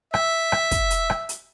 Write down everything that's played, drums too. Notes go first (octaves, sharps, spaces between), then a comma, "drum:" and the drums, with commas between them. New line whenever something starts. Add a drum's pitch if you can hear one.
E5, drum: rim click
drum: rim click
drum: kick, hi-hat
drum: hi-hat
drum: rim click
drum: hi-hat